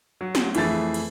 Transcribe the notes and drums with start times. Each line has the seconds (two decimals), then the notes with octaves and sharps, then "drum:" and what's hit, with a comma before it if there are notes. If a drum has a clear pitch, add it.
0.21 F#3
0.35 drum: snare
0.55 F2 E3 A3 G#4 A6, drum: cymbal
0.94 drum: cymbal